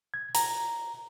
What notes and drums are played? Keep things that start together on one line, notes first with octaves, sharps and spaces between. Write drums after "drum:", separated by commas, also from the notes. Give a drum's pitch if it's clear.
G#6
A#5, drum: hi-hat